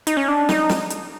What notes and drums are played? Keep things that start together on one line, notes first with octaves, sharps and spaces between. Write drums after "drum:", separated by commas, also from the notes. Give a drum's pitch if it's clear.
D#4, drum: hi-hat
C#4
D4
D#4, drum: snare
drum: snare
drum: hi-hat